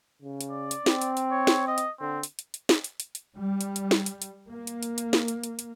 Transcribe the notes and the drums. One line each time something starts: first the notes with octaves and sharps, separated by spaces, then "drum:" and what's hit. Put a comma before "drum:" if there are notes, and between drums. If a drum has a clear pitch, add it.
C#3
drum: hi-hat
D5
drum: hi-hat
C4, drum: snare
drum: hi-hat
drum: hi-hat
C#5
drum: snare
D#5
drum: hi-hat
D3 C4
drum: hi-hat
drum: hi-hat
drum: hi-hat
drum: snare
drum: hi-hat
drum: hi-hat
drum: hi-hat
G3
drum: hi-hat
drum: hi-hat
drum: snare
drum: hi-hat
drum: hi-hat
A#3
drum: hi-hat
drum: hi-hat
drum: hi-hat
drum: snare
drum: hi-hat
drum: hi-hat
drum: hi-hat